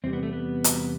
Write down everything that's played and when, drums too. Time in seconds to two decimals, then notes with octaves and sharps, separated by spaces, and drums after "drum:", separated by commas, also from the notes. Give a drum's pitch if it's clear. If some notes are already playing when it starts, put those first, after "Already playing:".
0.04 E2 C3 G3 C4
0.13 B3
0.23 A3
0.33 B3
0.64 drum: hi-hat